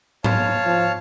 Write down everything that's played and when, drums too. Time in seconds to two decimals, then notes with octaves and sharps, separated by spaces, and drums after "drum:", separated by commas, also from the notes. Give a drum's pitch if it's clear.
0.24 C#5 F5 A5, drum: tom G#2
0.65 F3